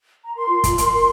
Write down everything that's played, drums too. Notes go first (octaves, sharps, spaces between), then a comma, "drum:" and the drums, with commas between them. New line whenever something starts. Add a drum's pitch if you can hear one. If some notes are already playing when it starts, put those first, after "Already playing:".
A#5
A#4 C6
F4
F4, drum: kick, hi-hat
A#4, drum: hi-hat
A#4